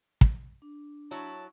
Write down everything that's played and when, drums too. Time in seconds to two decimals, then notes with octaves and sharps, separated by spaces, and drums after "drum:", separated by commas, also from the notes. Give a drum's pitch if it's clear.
0.21 drum: kick
0.62 D4
1.11 F#3 E4 C#5 A5